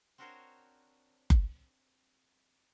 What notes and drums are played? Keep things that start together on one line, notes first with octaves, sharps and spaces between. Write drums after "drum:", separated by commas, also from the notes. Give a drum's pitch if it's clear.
C4 D4 F#4 A#4 C5 C#5
drum: kick F#1